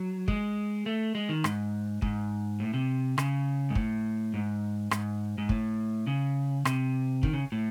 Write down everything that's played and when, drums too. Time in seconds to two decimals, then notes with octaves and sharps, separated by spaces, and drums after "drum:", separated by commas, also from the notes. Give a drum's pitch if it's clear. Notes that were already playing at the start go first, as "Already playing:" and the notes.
Already playing: F#3
0.28 G#3, drum: kick
0.86 A3
1.15 G#3
1.29 D#3
1.44 G#2, drum: rim click
2.02 G#2, drum: kick
2.60 A2
2.74 C3
3.18 C#3, drum: rim click
3.70 G#2
3.75 A2, drum: kick
4.34 G#2
4.91 G#2, drum: rim click
5.38 G#2
5.49 A2, drum: kick
6.07 C#3
6.65 C3, drum: rim click
7.23 D#3, drum: kick
7.33 C#3
7.52 A2